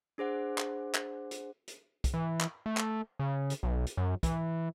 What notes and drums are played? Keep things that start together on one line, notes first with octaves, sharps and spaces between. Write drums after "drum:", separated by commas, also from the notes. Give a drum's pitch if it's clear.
D4 G#4 C5 F#5
drum: clap
drum: clap
drum: hi-hat
drum: hi-hat
drum: kick, hi-hat
E3
drum: clap
A3
drum: clap
C#3
drum: hi-hat
B1
drum: hi-hat
F#2
E3, drum: kick, hi-hat